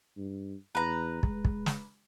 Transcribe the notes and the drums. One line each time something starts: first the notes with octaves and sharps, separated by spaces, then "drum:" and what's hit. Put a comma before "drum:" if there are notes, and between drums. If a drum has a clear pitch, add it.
G2
E2 B4 A#5
G#3, drum: kick
drum: kick
drum: snare